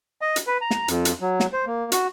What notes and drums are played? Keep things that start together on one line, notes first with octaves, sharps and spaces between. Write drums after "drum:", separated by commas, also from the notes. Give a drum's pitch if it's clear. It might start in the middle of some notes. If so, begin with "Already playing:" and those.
D#5
drum: hi-hat
B4
A#5
drum: snare
F2, drum: hi-hat
drum: hi-hat
F#3
drum: snare
C5
A#3
F#4, drum: hi-hat